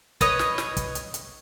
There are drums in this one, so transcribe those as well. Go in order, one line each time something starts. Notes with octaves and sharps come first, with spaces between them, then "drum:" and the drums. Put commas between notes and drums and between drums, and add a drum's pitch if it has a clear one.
B4 C#5 D#5, drum: kick, hi-hat
drum: snare
drum: snare
drum: kick, hi-hat
drum: hi-hat
drum: hi-hat